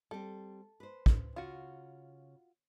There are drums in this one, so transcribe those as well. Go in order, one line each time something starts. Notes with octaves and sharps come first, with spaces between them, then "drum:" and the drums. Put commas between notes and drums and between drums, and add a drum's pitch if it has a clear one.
G3 C4 A4
B4 C5
drum: kick
C#3 F4 F#4